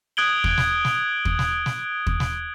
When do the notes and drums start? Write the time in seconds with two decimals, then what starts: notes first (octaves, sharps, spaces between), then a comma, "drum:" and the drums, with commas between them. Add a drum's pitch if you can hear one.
0.17 D#6 F#6 G#6 D7 F#7 G7
0.44 drum: kick
0.58 drum: snare
0.85 drum: snare
1.25 drum: kick
1.39 drum: snare
1.66 drum: snare
2.07 drum: kick
2.20 drum: snare